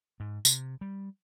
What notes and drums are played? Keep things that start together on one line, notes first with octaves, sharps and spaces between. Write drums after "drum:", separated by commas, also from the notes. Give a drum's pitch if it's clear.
G#2
C3, drum: tambourine
G3